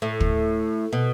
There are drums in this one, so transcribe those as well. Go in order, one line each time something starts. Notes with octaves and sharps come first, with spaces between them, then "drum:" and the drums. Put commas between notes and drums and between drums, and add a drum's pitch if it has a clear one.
A2
drum: kick
B2